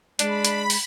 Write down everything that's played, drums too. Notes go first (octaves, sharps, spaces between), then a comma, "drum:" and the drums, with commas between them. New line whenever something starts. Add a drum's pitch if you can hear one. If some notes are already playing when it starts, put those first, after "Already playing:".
G#3 D4 B5, drum: hi-hat
drum: hi-hat
drum: open hi-hat